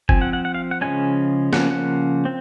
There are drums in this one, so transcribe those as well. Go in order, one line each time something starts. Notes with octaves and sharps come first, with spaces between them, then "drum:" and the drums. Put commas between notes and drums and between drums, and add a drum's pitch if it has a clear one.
F3 C4 G#5, drum: kick G1
F#5
F#5
F#5
F5
F#5
C#3 F3 G#3 C#4 G#5
C#3 F3 A#3 C#4 F#5, drum: snare
F#5
C4